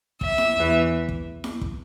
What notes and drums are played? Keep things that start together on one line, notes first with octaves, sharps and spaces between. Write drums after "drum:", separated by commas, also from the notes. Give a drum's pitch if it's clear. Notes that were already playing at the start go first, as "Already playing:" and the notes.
E5, drum: kick
drum: snare E4
E2 E3
drum: kick
drum: snare E4
drum: kick